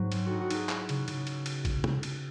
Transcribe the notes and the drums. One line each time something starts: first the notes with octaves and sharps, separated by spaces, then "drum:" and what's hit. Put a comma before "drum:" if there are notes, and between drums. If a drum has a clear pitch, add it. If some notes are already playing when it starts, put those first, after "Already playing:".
Already playing: G#2 F#3 G#4 C5
C4, drum: cymbal
D#4 F#4 A4
F#4
D#4 G#4, drum: cymbal
E4, drum: clap
C#3, drum: cymbal
C#3, drum: cymbal
drum: cymbal
drum: cymbal
drum: kick A1, cymbal
drum: tom
drum: cymbal